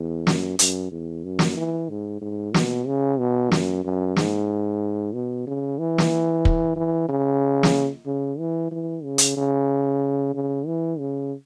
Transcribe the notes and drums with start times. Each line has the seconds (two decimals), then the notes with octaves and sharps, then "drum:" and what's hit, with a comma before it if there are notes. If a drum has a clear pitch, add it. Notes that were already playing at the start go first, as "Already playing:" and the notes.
Already playing: E2
0.27 F#2, drum: snare
0.59 F#2, drum: hi-hat
0.92 E2
1.24 F#2
1.39 drum: snare
1.57 E3
1.89 G#2
2.21 G#2
2.54 B2, drum: snare
2.87 C#3
3.19 B2
3.51 F#2, drum: snare
3.84 F#2
4.16 G#2, drum: snare
5.14 B2
5.47 C#3
5.79 E3
5.98 drum: snare
6.45 drum: kick
6.76 E3
7.09 C#3
7.63 drum: snare
8.07 C#3
8.39 E3
8.72 E3
9.04 C#3
9.18 drum: hi-hat
9.37 C#3
10.34 C#3
10.67 E3
10.99 C#3